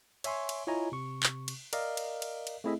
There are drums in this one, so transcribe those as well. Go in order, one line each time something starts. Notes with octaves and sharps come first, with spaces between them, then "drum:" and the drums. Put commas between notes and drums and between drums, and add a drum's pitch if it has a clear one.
C#5 E5 G#5 C6 C#6, drum: cymbal
drum: cymbal
E4 F4 C#5 D#5 G#5 A#5
C3 C#6
drum: clap
drum: cymbal
A#4 D5 D#5 F5, drum: cymbal
drum: cymbal
drum: cymbal
drum: cymbal
A3 C4 E4 G#4 D#5 E5